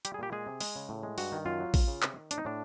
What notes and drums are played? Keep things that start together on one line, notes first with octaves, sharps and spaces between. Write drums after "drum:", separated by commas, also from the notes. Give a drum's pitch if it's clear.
G3 G4, drum: hi-hat
G#4
A#2 G4
G#3 G#4
C3
G#3, drum: open hi-hat
C#3
A2
G#3
G2 F#4, drum: open hi-hat
D#3
F#2 F4
F#3
C#3, drum: kick A1, open hi-hat
C#3
C3, drum: clap
D#3
A2 D4, drum: hi-hat
D#4
A2 D4